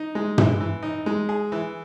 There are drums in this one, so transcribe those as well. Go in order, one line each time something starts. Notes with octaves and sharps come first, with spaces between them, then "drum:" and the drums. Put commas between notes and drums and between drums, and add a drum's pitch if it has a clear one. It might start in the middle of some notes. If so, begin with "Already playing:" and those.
Already playing: D#4
G#3
E3, drum: tom
E3
D#4
G#3
G#4
E3